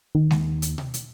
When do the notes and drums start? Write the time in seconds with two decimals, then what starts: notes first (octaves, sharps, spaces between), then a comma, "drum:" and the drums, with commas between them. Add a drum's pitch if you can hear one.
0.15 D#2
0.31 drum: snare G#3
0.62 drum: hi-hat
0.78 drum: tom B2
0.94 drum: hi-hat